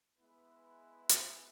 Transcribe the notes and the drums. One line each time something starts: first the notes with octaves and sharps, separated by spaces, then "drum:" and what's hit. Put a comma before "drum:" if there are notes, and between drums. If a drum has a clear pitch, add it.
G#3 B3 E4 B4
drum: hi-hat